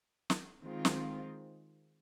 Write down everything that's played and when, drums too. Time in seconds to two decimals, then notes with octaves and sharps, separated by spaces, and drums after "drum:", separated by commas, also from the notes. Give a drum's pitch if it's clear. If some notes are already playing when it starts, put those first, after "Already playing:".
0.30 drum: snare
0.62 D#3 G#3 C4 F4
0.85 drum: snare